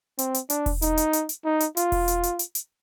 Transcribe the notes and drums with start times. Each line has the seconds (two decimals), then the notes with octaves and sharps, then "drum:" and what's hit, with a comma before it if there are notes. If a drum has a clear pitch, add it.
0.19 C4, drum: hi-hat
0.34 drum: hi-hat
0.50 D4, drum: hi-hat
0.66 drum: kick E1, open hi-hat
0.82 D#4, drum: hi-hat
0.97 drum: hi-hat
1.13 drum: hi-hat
1.29 drum: hi-hat
1.45 D#4
1.60 drum: hi-hat
1.77 F4, drum: hi-hat
1.92 drum: kick E1, open hi-hat
2.08 drum: hi-hat
2.23 drum: hi-hat
2.39 drum: hi-hat
2.55 drum: hi-hat